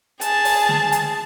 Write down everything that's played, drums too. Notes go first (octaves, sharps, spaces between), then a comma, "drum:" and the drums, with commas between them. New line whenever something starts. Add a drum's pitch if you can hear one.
G#4 A5, drum: hi-hat
drum: open hi-hat
drum: snare
drum: hi-hat